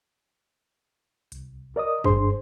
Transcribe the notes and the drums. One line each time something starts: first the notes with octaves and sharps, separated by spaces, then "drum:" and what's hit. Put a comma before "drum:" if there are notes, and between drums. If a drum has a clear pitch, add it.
C2, drum: hi-hat
A#4 D5 D#5 D#6
G2 D4 G#4 C5 C6, drum: kick